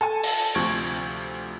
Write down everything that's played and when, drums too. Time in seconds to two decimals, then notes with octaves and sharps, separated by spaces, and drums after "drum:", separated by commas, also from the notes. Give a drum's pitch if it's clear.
0.01 A4 G#5 A5
0.24 drum: open hi-hat
0.54 D2 C3 F3 C#6 G#6 D7